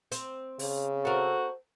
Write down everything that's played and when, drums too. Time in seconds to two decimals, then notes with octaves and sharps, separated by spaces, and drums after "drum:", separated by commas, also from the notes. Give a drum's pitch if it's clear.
0.12 C4, drum: hi-hat
0.59 C#3, drum: open hi-hat
1.05 F#4 A4 A#4 C5